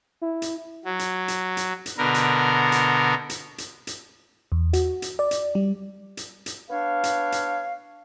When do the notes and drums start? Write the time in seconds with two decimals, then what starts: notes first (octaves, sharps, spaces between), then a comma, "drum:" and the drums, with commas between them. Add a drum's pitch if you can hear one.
0.22 E4
0.42 drum: hi-hat
0.85 F#3
0.99 drum: hi-hat
1.28 drum: hi-hat
1.57 drum: hi-hat
1.86 drum: hi-hat
1.97 B2 D3 B3 A#4
2.14 drum: hi-hat
2.72 drum: hi-hat
3.30 drum: hi-hat
3.58 drum: hi-hat
3.87 drum: hi-hat
4.52 E2
4.73 F#4, drum: hi-hat
5.02 drum: hi-hat
5.19 D5
5.31 drum: hi-hat
5.55 G3
6.17 drum: hi-hat
6.46 drum: hi-hat
6.70 B3 D4 C#5 F5
7.04 drum: hi-hat
7.32 drum: hi-hat